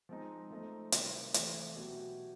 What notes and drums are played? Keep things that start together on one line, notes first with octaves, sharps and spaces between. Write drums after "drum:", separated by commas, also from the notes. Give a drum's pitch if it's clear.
F3 G#3 C4 D#4
F3 A3 C4 D#4
C3 D#3 G3 C4, drum: hi-hat
E3 A3 C4, drum: hi-hat
B2 F#3 B3 E4 G4